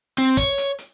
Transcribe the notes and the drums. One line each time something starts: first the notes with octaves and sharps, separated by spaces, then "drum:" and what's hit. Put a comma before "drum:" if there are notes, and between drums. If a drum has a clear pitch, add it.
C4
C#5, drum: kick, hi-hat
drum: hi-hat
drum: hi-hat